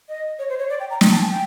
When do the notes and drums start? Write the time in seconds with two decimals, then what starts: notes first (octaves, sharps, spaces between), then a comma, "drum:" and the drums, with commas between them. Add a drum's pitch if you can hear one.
0.09 D#5
0.39 C#5
0.49 C5
0.59 C#5
0.70 D5
0.80 G5
0.90 A#5
1.01 G5, drum: snare
1.11 A5
1.21 G#5
1.31 G5